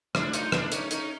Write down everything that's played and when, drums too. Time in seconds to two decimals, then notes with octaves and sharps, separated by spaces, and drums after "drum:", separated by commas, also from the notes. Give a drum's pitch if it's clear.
0.15 A3 D4 E4, drum: rim click
0.33 D#4 F4, drum: hi-hat
0.52 D4 E4, drum: rim click
0.72 C#4 D#4, drum: hi-hat
0.91 C#4 D#4, drum: hi-hat